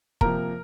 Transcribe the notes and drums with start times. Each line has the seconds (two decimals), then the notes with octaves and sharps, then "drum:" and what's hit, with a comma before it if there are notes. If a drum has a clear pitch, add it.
0.21 C3 F3 A#3 A#4 A#5, drum: kick